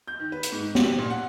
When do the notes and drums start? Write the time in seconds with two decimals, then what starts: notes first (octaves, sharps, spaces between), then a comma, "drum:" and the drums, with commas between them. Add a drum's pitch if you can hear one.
0.08 G6
0.20 D#3
0.32 B4
0.43 drum: hi-hat
0.52 G#2
0.75 G4, drum: snare B3
0.98 A#2
1.10 F#5